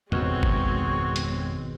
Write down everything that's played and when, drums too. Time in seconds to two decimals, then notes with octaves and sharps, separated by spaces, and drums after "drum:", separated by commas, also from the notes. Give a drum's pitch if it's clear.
0.12 G#1 F2 B2 G#3 C4 F#4 C#5, drum: tom E2
0.43 drum: kick G1
1.16 drum: hi-hat